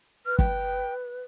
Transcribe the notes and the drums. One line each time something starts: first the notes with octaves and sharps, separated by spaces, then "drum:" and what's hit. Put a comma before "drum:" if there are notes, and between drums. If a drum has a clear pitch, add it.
B4 F6
G5, drum: kick